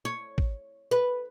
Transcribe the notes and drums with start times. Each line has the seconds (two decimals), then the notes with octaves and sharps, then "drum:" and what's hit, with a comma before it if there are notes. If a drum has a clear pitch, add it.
0.05 C#5
0.38 drum: kick
0.91 B4